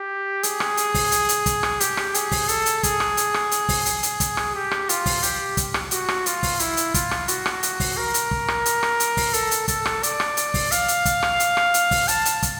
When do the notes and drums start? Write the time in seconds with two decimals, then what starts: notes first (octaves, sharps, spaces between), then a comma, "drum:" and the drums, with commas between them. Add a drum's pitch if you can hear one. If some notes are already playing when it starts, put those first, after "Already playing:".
Already playing: G4
0.43 G#4, drum: hi-hat
0.60 drum: rim click
0.77 drum: hi-hat
0.94 drum: kick, open hi-hat
1.12 drum: hi-hat
1.29 drum: hi-hat
1.46 drum: kick, hi-hat
1.63 drum: rim click
1.80 G4, drum: hi-hat
1.97 drum: rim click
2.14 G#4, drum: hi-hat
2.32 drum: kick, open hi-hat
2.48 A4, drum: hi-hat
2.66 drum: hi-hat
2.83 G#4, drum: kick, hi-hat
3.00 drum: rim click
3.17 drum: hi-hat
3.34 drum: rim click
3.51 drum: hi-hat
3.69 drum: kick, open hi-hat
3.86 drum: hi-hat
4.03 drum: hi-hat
4.20 drum: kick, hi-hat
4.37 drum: rim click
4.55 G4
4.71 drum: rim click
4.89 F4, drum: hi-hat
5.06 drum: kick, open hi-hat
5.23 G4, drum: hi-hat
5.57 drum: kick, hi-hat
5.74 drum: rim click
5.91 F#4, drum: hi-hat
6.09 drum: rim click
6.26 F4, drum: hi-hat
6.43 drum: kick, open hi-hat
6.59 E4, drum: hi-hat
6.77 drum: hi-hat
6.94 F4, drum: kick, hi-hat
7.11 drum: rim click
7.28 F#4, drum: hi-hat
7.46 drum: rim click
7.63 drum: hi-hat
7.80 drum: kick, open hi-hat
7.97 A#4
8.14 drum: hi-hat
8.31 drum: kick
8.48 drum: rim click
8.66 drum: hi-hat
8.83 drum: rim click
9.00 drum: hi-hat
9.17 drum: kick, open hi-hat
9.33 A4, drum: hi-hat
9.51 drum: hi-hat
9.68 A4, drum: kick, hi-hat
9.85 drum: rim click
10.03 D5, drum: hi-hat
10.20 drum: rim click
10.37 drum: hi-hat
10.54 drum: kick, open hi-hat
10.72 F5, drum: hi-hat
10.88 drum: hi-hat
11.05 drum: kick, hi-hat
11.23 drum: rim click
11.40 drum: hi-hat
11.57 drum: rim click
11.74 drum: hi-hat
11.91 drum: kick, open hi-hat
12.08 A5, drum: hi-hat
12.25 drum: hi-hat
12.43 drum: kick, hi-hat